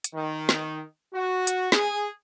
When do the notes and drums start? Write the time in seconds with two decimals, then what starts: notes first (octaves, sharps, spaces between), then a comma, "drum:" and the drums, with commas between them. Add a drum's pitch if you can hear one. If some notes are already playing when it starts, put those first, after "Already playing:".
0.04 drum: hi-hat
0.14 D#3
0.49 drum: snare
1.13 F#4
1.47 drum: hi-hat
1.72 G#4, drum: snare